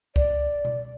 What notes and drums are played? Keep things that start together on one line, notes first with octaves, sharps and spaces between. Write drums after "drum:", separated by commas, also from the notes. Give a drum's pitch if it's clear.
D5, drum: kick
drum: tom B2